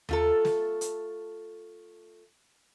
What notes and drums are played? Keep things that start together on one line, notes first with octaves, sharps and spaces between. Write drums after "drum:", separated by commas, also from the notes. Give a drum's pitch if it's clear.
A3 F4 A4, drum: tom D#2
drum: snare
drum: hi-hat